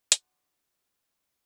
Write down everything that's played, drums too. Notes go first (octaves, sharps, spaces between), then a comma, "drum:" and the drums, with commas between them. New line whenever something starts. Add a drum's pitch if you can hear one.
D4 F#4 C6, drum: hi-hat